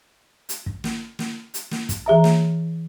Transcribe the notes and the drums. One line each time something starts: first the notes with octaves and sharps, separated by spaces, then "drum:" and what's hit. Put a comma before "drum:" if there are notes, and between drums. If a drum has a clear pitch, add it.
drum: hi-hat
drum: kick
drum: snare
drum: snare
drum: hi-hat
drum: snare
drum: kick, hi-hat
E3 G#4 E5 A#5
drum: snare